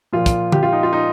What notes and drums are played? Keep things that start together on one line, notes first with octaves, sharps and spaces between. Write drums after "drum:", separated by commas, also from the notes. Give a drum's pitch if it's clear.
A#2 F3 F4
drum: kick, hi-hat
G4, drum: tom
F4
D#4
F4
D#4